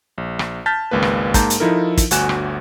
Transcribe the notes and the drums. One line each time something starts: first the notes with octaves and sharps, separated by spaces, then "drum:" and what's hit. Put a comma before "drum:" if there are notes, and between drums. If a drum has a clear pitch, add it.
A#1
drum: rim click
A5 F6 G6 A6 B6
G#1 C#2 A#3 B4
drum: rim click
G#2 A#3 A5 A#5 G6, drum: kick, hi-hat
drum: hi-hat
F3 D#4 E4 A4 A#4
drum: kick, hi-hat
G1 D2 F#4 G#5 F#6 E7, drum: hi-hat
drum: rim click